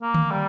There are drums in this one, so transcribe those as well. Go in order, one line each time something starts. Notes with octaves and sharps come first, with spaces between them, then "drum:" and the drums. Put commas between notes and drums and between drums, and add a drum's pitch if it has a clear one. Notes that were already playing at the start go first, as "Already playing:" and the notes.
A#3
drum: tom D3
G3